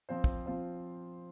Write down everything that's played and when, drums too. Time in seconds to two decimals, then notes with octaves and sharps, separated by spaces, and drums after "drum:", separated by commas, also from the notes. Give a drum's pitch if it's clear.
0.09 F3 C4 F4 C5
0.24 drum: kick
0.46 F3 C4 F4 C5